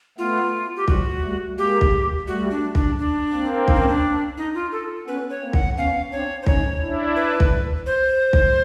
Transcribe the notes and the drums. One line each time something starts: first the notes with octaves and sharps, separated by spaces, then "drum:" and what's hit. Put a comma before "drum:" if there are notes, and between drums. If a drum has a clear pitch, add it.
A3 B3 F4
G4
F3 G3 F#4, drum: kick
G3 A3
G#3 A#3 G4
drum: kick
G3 A3 F#4
D4
D4, drum: kick
D4
A#3 C4
D#4, drum: kick
D4
C#4
D4
D#4
F4
A4
B3 C#4 B4
C#5
A#3 C4
F#5, drum: kick
B3 C#4 F5
C4 D4 C#5
C5
C#4 D#4 C#5, drum: kick
D4 E4
B4
drum: kick
C5
drum: kick